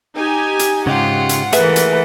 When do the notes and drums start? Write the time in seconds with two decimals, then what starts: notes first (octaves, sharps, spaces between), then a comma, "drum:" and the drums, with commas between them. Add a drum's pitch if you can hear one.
0.16 D#4 G4 G#5
0.59 drum: hi-hat
0.87 G#2 C#3 D#4 F4 G4 F#5
1.29 drum: hi-hat
1.52 E3 A3 A#3 G#4 A4 B4 E5, drum: hi-hat
1.76 drum: hi-hat